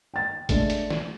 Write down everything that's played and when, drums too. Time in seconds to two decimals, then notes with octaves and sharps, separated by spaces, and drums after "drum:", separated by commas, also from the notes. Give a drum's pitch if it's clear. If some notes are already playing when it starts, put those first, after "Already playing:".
0.14 G5 A6
0.49 G#3 A3 D4, drum: kick G#1, hi-hat
0.70 drum: hi-hat
0.90 drum: snare